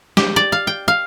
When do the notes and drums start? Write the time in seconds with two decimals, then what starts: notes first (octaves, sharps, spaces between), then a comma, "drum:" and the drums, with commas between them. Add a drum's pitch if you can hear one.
0.17 G4, drum: snare
0.36 D5
0.52 F5
0.67 G5
0.88 F5